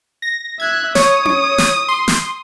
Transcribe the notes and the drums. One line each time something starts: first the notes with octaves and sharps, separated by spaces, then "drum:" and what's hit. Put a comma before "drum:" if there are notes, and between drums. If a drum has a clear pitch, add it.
A#6
E5 F#6 G#6
C#5 D#6, drum: snare
drum: tom C#4
drum: snare
C6
drum: snare